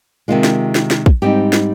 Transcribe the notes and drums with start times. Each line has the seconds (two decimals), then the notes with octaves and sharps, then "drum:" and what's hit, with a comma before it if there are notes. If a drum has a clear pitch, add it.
0.28 C3 D#3 G#3 F4
0.44 drum: snare
0.75 drum: snare
0.91 drum: snare
1.06 drum: kick
1.22 G#2 G3 C4 D#4 G4
1.53 drum: snare